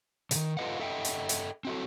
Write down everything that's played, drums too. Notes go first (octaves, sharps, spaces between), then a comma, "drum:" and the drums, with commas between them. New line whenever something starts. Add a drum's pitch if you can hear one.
B2 D#3, drum: hi-hat
F4 A4 B4 D#5 F5 F#5
A4 D#5 E5 F#5 G5
drum: hi-hat
drum: hi-hat
C4 F#4 A4